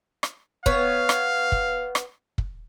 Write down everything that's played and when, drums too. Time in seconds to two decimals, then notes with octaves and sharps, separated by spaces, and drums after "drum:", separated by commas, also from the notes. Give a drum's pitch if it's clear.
0.23 drum: rim click
0.66 B3 C#5 F5, drum: kick
1.09 drum: rim click
1.52 drum: kick
1.95 drum: rim click
2.38 drum: kick